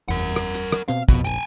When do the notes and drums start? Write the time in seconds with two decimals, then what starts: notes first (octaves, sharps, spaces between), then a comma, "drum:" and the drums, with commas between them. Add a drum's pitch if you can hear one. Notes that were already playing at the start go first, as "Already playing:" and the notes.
0.08 F#1 E2 A#4 F#5
0.18 drum: hi-hat
0.36 drum: rim click
0.54 drum: hi-hat
0.72 drum: rim click
0.88 B2 C4 F5, drum: hi-hat
1.09 C2 F2 B2, drum: kick, hi-hat
1.24 F1 A#1 G5 G#5, drum: hi-hat